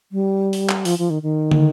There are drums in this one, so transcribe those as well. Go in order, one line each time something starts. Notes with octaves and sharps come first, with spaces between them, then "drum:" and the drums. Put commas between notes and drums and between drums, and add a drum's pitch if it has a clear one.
G3
drum: open hi-hat
drum: clap
F3, drum: open hi-hat
F3
D#3
D#3
drum: tom